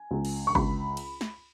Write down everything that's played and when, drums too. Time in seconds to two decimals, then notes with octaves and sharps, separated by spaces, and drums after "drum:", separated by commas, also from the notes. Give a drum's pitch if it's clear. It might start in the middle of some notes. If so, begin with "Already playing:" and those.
Already playing: G#5
0.11 C#2
0.25 drum: cymbal
0.47 C#6
0.55 C#2 B5, drum: kick G1
0.97 drum: cymbal
1.21 drum: snare